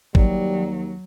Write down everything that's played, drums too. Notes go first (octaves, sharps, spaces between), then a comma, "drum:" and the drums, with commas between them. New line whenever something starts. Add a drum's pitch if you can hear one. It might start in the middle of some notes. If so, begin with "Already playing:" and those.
D#2 F#3 G3, drum: kick